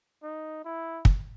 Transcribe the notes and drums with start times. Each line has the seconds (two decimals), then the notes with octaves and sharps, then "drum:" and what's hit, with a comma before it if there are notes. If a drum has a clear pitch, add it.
0.23 D#4
0.64 E4
1.05 drum: kick